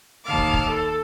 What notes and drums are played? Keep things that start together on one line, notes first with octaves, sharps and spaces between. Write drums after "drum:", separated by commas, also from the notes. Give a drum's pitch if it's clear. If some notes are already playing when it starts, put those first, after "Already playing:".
D#2 F5 A5 D6
drum: kick
drum: kick
A4